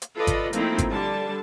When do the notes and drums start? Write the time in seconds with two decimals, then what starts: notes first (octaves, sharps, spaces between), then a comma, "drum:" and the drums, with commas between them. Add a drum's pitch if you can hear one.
0.02 drum: hi-hat
0.17 F4 A4 B4 D5 D#5
0.27 drum: kick G#1, hi-hat
0.53 F3 A3 A#3 C4 D#4 E4, drum: hi-hat
0.78 drum: kick G#1, hi-hat
0.89 D3 G3 A5